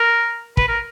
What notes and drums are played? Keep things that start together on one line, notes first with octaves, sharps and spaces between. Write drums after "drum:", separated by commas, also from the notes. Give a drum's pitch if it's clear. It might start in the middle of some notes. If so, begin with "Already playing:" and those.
Already playing: A#4
B4, drum: kick
A#4